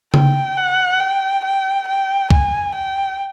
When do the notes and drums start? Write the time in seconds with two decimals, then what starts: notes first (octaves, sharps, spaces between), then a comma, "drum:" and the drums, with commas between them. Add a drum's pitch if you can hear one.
0.14 G5, drum: tom C#3
0.57 F#5
1.00 G5
1.45 G5
1.88 G5
2.31 G#5, drum: kick
2.75 G5